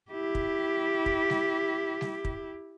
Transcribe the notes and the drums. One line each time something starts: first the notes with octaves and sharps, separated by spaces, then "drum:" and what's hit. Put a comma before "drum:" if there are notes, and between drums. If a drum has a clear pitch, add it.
E4 G4
drum: kick
drum: kick
drum: snare G3
drum: snare G3
drum: kick